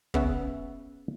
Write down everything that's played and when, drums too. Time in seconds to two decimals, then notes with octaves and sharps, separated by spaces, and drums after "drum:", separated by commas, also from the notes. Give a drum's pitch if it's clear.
0.14 C#3 B3 C#4 E5 F#5, drum: kick